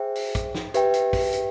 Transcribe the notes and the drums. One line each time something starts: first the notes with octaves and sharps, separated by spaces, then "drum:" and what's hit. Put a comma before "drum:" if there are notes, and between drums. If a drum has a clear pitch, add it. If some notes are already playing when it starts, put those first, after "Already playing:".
Already playing: G#4 C5 E5 G5
drum: open hi-hat
drum: kick, hi-hat
drum: snare
G4 B4 E5 G5, drum: hi-hat
drum: hi-hat
drum: kick, open hi-hat
drum: hi-hat